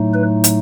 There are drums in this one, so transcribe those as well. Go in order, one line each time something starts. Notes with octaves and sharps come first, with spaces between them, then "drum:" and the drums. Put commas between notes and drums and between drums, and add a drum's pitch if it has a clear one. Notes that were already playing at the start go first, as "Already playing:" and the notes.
Already playing: A2 F#3 A3 D#4
B4
drum: hi-hat